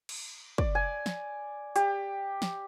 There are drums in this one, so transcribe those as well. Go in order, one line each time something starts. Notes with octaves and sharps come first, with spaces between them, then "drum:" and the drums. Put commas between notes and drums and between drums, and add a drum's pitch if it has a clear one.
drum: cymbal
D5, drum: kick
G#5
drum: snare
G4, drum: hi-hat
drum: snare